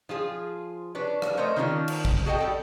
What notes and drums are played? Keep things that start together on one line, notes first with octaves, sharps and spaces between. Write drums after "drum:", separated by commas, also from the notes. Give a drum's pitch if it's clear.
F3 F4 G#4
D4 B4 C#5 D5
drum: rim click
A3 A#4 C5 C#5 D#5
D#3 A#3 C#4 D4 F4 A#4
drum: cymbal
drum: kick
F#4 G#4 A4 D#5 F#5 G5
G3 A4 G5